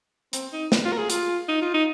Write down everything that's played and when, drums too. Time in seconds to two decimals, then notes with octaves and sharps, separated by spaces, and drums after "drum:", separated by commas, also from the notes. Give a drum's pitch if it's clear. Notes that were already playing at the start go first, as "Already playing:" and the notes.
0.33 C4, drum: hi-hat
0.52 D#4
0.72 drum: snare
0.85 F4
0.92 A#4
0.98 G#4
1.10 F4, drum: hi-hat
1.48 D#4
1.61 F4
1.74 D#4